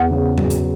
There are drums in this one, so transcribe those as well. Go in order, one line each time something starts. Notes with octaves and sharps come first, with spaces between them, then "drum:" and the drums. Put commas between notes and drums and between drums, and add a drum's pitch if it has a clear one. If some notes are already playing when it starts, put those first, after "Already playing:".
Already playing: E2 F#5
C#3
F#3, drum: tom G#2
drum: hi-hat